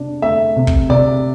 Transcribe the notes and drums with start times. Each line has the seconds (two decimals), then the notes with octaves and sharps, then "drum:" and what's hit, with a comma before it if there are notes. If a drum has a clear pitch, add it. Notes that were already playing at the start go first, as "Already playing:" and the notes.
Already playing: C3 D4
0.22 A3 E5
0.56 C3
0.67 drum: kick
0.89 C3 D5